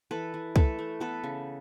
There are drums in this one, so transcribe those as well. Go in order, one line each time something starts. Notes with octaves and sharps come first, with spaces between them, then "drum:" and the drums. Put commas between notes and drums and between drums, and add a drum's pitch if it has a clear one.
E3 A4 B4
E3
A3 A4 B4, drum: kick
A3
B3 A4 B4
C#3